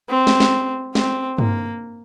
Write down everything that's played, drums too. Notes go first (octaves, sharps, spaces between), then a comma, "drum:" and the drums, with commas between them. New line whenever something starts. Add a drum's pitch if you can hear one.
C4
drum: snare
drum: snare
C4, drum: snare
A#3, drum: tom G2